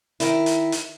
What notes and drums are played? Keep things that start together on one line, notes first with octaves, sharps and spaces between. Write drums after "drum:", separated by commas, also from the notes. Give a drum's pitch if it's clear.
D#3 E4, drum: hi-hat
drum: hi-hat
drum: hi-hat